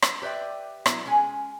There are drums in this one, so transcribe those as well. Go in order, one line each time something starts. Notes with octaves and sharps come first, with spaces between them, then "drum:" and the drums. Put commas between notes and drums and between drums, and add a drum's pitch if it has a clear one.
drum: rim click
G4 B4 D5 E5 G5
F#3 B3 E4, drum: rim click
G#3 C#4 G#4 G#5